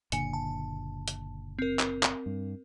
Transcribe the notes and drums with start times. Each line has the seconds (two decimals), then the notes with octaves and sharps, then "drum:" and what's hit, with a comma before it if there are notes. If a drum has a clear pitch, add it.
0.12 F#1 A#2 D3 G#5 C#7, drum: hi-hat
0.33 A5
1.08 drum: hi-hat
1.59 C4 A#4
1.79 drum: clap
2.03 drum: clap
2.26 G2